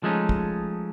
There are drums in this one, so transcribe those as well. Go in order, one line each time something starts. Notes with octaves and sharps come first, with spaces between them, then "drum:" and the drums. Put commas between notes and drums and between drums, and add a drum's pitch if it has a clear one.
F3 G#3 A3 C#4 D#4
drum: kick